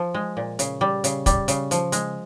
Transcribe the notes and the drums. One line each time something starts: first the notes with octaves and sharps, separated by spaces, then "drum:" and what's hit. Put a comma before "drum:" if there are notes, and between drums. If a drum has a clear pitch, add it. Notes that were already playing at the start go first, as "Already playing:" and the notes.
Already playing: F3
G#3
A#2
C#3, drum: hi-hat
G3
C#3, drum: hi-hat
G3, drum: kick, hi-hat
C#3, drum: hi-hat
F3, drum: hi-hat
G#3, drum: hi-hat